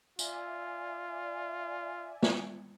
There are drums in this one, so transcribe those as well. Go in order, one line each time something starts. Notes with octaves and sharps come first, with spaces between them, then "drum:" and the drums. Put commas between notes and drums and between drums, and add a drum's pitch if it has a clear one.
F4 D5 E5 G#5, drum: tambourine
drum: snare